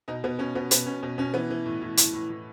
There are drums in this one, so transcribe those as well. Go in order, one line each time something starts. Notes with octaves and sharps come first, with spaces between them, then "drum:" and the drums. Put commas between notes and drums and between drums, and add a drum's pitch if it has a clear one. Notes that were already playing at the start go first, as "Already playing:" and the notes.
B2 D#4
B2 B3
B2 C#4
B2 B3
B2 B3, drum: hi-hat
B2 C#4
B2
B2 C#4
E3 B3
E3
A2
A2
A2, drum: hi-hat
A2
A2